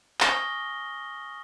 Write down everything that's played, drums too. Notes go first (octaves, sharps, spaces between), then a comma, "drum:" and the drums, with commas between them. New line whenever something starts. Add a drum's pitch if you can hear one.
G#5 C#6 D#6 F6 A#6 G7, drum: clap